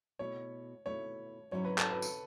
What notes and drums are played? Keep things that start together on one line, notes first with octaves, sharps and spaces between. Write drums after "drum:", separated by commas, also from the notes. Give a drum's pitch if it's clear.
B2 A3 E4 C#5
B2 A3 E4 C#5
G#2 F#3 C#4 E4 C#5
B4
A4, drum: clap
B4
drum: tambourine